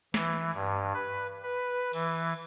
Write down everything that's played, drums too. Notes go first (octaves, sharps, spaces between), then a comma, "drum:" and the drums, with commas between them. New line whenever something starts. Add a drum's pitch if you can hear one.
E3, drum: snare
G2
B4
B4
E3, drum: cymbal